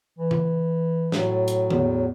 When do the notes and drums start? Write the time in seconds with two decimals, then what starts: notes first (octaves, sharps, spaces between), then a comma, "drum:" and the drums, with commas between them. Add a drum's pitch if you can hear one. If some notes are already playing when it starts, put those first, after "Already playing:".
0.18 E3
0.31 drum: tom C#3
1.12 A2 F#3, drum: snare
1.48 drum: hi-hat
1.70 E2, drum: tom D3